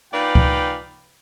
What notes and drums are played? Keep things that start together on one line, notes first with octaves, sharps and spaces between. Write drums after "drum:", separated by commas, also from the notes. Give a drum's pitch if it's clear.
A#2 D#4 B4 D5 F5 G5
drum: kick C#2